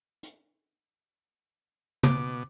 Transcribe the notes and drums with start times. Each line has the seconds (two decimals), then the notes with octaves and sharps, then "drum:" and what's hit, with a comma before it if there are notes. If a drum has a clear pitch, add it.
0.23 drum: hi-hat
2.03 B2 D6, drum: tom